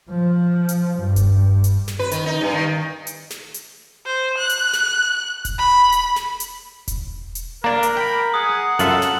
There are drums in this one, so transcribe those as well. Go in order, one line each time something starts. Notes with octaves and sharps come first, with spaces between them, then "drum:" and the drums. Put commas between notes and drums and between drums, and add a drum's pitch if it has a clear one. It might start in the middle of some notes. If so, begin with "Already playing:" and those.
F3
drum: hi-hat
G2
drum: kick E1, hi-hat
drum: hi-hat
drum: snare
B4
D#3, drum: hi-hat
D#4
G2
D#3
drum: hi-hat
drum: snare
drum: hi-hat
C5
F#6
drum: hi-hat
drum: snare
drum: kick E1, hi-hat
B5
drum: hi-hat
drum: snare
drum: hi-hat
drum: kick E1, hi-hat
drum: hi-hat
A#3 D4 A#4 D5 A#5
drum: hi-hat
G5 B5
G#4 F#5 D#6
F#2 F4 A4 E5 F#7, drum: hi-hat
drum: snare